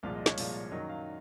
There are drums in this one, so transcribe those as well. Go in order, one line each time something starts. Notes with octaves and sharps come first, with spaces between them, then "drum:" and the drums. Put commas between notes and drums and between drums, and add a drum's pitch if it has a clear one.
C2 A#2 F3 G#3 F5
D#5
C#5, drum: snare
C2 A#2 F3 G#3, drum: open hi-hat
F#2 D#3 F#3 D#5
F5